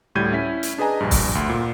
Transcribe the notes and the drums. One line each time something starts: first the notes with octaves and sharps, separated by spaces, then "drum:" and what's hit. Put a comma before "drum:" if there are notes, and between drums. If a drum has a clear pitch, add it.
D2 A2 G3 G6 G#6 D#7
C#4 E4 B6
drum: hi-hat
D4 G#4 B4 D#5 G#5 A#5
A#1 G2
drum: kick, open hi-hat
D2 C6
A#2